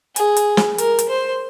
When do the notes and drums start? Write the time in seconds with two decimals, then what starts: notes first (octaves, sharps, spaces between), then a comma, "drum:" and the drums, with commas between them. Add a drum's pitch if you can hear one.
0.16 G#4, drum: hi-hat
0.37 drum: hi-hat
0.57 drum: snare
0.78 A#4, drum: hi-hat
0.99 drum: hi-hat
1.09 C5